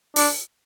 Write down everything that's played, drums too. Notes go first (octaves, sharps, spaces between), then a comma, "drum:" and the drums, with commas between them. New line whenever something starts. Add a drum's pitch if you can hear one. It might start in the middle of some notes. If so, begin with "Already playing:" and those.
D4, drum: open hi-hat